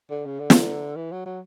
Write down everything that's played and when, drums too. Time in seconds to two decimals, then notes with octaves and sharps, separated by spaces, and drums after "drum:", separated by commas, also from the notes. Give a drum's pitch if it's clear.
0.10 D3
0.26 C#3
0.40 D3
0.50 drum: snare
0.96 E3
1.12 F#3
1.26 F#3